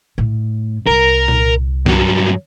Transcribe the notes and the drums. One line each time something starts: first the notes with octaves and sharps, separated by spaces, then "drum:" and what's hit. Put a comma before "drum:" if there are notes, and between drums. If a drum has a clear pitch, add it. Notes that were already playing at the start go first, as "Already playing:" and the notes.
A2
C2 A#4
drum: tom A#2
G2 F#3, drum: snare